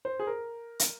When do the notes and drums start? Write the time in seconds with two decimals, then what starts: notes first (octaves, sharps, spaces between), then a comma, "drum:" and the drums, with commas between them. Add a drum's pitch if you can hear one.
0.05 C5
0.19 G#4
0.27 A#4
0.79 drum: hi-hat